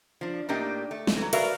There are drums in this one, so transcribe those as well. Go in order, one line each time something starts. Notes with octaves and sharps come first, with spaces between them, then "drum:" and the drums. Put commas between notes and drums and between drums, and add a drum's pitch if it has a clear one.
F3 D4
A2 A#3 D4 D#4 G4
A3
drum: snare
E3 F#3
F#4 A#4 B4 D5 E5 F5, drum: cymbal